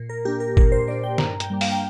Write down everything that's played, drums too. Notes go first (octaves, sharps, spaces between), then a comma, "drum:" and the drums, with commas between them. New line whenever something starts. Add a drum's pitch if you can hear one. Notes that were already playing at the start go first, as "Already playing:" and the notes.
Already playing: A#2
A#4
A#3 D4 G4
A#4
A#2 A#4, drum: kick
C5
A#3 D4 D5
G5
G2 A#5, drum: snare
G5, drum: hi-hat
G3 A#3 D4
F5, drum: open hi-hat
G5